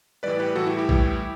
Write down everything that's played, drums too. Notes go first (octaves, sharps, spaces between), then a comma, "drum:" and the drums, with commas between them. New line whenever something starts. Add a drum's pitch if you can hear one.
A2 E3 G3 B4 D5
G4 B4
A2 E3 G3 F#4 A4
E4 G4
E4 G4
A2 E3 G3, drum: kick A#1